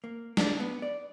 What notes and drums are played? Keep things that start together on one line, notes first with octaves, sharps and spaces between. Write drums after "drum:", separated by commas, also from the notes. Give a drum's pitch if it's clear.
A#3
D4, drum: snare
B3
D5